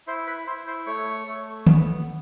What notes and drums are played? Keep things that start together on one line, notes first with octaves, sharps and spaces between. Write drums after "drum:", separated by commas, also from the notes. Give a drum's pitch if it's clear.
E4 C5 C6
B4 B5
E4 C5 C6
C5 C6
A3 C#5 C#6
A3
B3, drum: tom